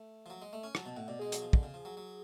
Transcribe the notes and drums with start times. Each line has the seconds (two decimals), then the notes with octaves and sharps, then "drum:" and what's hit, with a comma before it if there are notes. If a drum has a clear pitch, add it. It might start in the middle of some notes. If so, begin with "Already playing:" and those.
Already playing: A3
0.26 F3
0.30 F#3
0.42 G#3
0.53 A3
0.64 C#4
0.75 F#3 A5, drum: rim click
0.86 B2 A5
0.96 A2 F#5
1.08 B2 D5
1.19 G#3 G#4
1.32 F#3, drum: hi-hat
1.42 F3
1.53 D3, drum: kick
1.63 C#3
1.74 F3
1.85 F#3
1.97 F#3